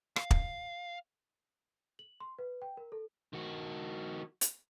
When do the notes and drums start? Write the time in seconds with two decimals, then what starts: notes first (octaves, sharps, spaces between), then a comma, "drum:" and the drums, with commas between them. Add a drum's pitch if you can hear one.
0.16 F5, drum: rim click
0.31 drum: kick
1.99 F#7
2.20 C6
2.39 B4
2.62 G5
2.77 A#4
2.92 A4
3.33 D#3 F#4
4.41 drum: hi-hat